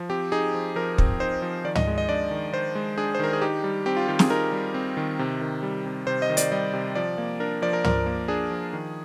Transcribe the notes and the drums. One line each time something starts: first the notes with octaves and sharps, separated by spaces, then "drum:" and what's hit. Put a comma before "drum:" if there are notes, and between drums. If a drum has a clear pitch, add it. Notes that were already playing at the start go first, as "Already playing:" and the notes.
Already playing: F3
C4 G4
D#4 G#4
F3
F3 A#4
C4, drum: kick
D#4 C5
F3
D#3 D5
D#5, drum: tom
G#3
D#5
D4 D5
D#3
D#3 C5
G#3
D4 G#4
C5
D#3 A#4
G#4
D#4 G4
G3
C4 G4
F4
D#3 G4
G#4, drum: snare
D#4 A#4
G3
C4
D#3
C3
D#3
G3
C3
C3 C5
D#5
D#3
D5, drum: hi-hat
G3 D#5
C3
F3 D5
A#3
D4 A#4
F3 D5
A#4
F3 A#4, drum: tom
A#3
D4 G#4
F3
D#3